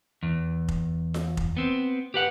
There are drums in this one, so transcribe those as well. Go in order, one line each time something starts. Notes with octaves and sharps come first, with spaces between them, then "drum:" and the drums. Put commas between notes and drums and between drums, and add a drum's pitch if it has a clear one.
E2
drum: kick F1
drum: snare F4
drum: kick F1
B3 C4
G4 B4 F#5